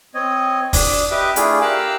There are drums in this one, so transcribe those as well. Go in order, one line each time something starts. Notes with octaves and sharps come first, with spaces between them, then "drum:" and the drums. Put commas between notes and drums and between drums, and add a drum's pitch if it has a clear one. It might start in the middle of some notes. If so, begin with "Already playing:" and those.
C4 C#5 D#5
D4 D#6, drum: kick, open hi-hat
G4 B4 D#5 E5 D6 D#6
A3 D4 E4 F4 G#4, drum: hi-hat
G4 A#4 F5 D6 E6 F#6